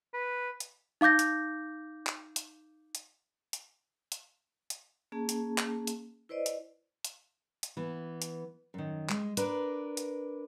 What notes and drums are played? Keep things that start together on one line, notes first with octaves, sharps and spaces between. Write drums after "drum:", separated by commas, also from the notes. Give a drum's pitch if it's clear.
B4
drum: hi-hat
D#4 F5 D6 G6 A#6
drum: hi-hat
drum: clap
drum: hi-hat
drum: hi-hat
drum: hi-hat
drum: hi-hat
drum: hi-hat
A#3 C#4 G#4 A5
drum: hi-hat
drum: clap
drum: hi-hat
E4 B4 C5 D5 D#5
drum: hi-hat
drum: hi-hat
drum: hi-hat
E3 B3
drum: hi-hat
F#2 D#3
G#3, drum: clap
D4 A#4 B4, drum: hi-hat
drum: hi-hat